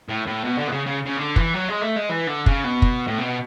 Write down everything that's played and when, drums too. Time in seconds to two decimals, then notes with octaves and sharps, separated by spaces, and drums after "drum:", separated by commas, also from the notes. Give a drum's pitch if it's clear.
0.09 A2
0.27 A2
0.45 B2
0.58 D3
0.68 B2
0.72 C#3
0.87 C#3
1.06 C#3
1.17 D3
1.36 E3, drum: kick
1.54 F#3
1.68 G#3
1.81 A3
1.96 G#3
2.09 E3
2.27 D3
2.46 C#3, drum: kick
2.64 B2
2.82 drum: kick
3.07 A2
3.18 B2